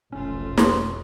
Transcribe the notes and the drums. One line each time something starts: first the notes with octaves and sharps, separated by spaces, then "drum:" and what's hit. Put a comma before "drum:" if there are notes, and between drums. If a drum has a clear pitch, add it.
F1 B1 A3 C#4 F4
C6 C#6 D#6, drum: snare